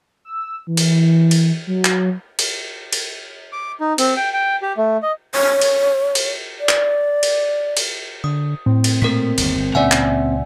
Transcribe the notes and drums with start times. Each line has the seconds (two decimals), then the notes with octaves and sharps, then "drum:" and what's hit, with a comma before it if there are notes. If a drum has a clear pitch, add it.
0.25 E6
0.67 E3
0.77 drum: cymbal
1.31 drum: cymbal
1.67 F#3
1.85 drum: clap
2.39 drum: cymbal
2.93 drum: cymbal
3.53 D6
3.80 D#4
3.98 C4, drum: cymbal
4.17 G5
4.33 G5
4.62 G4
4.77 A3
5.03 D#5
5.35 C#5
5.61 drum: cymbal
6.15 drum: cymbal
6.60 D5
6.69 drum: clap
7.23 drum: cymbal
7.77 drum: cymbal
8.24 D3 D#6
8.66 A2 C4
8.84 drum: cymbal
9.02 A#2 A3 A#4 B6
9.38 G1 D#2, drum: cymbal
9.58 G1
9.75 C#2 A#2 C#4 D5 E5 F#5 G#5
9.92 drum: clap